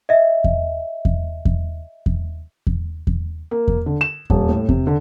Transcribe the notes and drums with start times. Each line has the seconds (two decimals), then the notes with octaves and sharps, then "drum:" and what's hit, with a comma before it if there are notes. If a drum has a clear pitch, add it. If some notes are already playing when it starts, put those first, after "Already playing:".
0.09 D#5 E5
0.44 drum: kick E2
1.05 drum: kick E2
1.45 drum: kick E2
2.06 drum: kick E2
2.67 drum: kick E2
3.07 drum: kick E2
3.51 A#3
3.68 drum: kick E2
3.86 D3
4.01 E7
4.30 D#1, drum: kick E2
4.49 A2
4.69 C3, drum: kick E2
4.87 D3